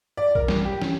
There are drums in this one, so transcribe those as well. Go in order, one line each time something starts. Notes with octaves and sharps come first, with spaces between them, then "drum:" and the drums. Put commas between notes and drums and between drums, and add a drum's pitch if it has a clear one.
D5
A#4, drum: kick A#1
G2, drum: snare
G4
C#4, drum: snare